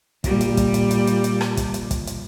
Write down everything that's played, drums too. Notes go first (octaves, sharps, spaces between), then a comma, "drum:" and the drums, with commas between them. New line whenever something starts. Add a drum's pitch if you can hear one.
A#2 G3, drum: kick, hi-hat
drum: hi-hat
drum: kick, hi-hat
drum: hi-hat
drum: hi-hat
drum: hi-hat
drum: hi-hat
drum: rim click
drum: kick, hi-hat
drum: hi-hat
drum: kick, hi-hat
drum: hi-hat